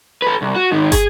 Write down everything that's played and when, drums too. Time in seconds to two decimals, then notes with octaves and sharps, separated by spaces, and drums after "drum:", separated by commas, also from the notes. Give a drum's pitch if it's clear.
0.22 A4 B4
0.42 C2
0.55 F#4
0.72 G#2 D#3
0.92 G#4, drum: kick, hi-hat